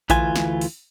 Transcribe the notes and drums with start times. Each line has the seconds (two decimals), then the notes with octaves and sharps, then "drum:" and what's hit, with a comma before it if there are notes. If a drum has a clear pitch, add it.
0.10 D2 E3 F4 G#5, drum: kick A#1, hi-hat
0.36 drum: snare
0.61 drum: open hi-hat